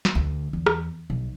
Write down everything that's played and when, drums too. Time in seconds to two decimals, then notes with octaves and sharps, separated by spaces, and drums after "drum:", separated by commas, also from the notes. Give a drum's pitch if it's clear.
0.05 drum: snare
0.15 D2
0.53 E2
0.66 drum: rim click
1.10 B1